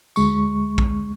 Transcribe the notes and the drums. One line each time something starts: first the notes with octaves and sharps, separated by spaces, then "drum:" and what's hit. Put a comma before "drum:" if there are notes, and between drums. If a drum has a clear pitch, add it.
D2 G#3 C#6, drum: tambourine
drum: kick A#1